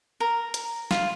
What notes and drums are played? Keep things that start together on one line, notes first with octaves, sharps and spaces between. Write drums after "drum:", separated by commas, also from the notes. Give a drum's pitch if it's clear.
A#4
drum: hi-hat
F4, drum: snare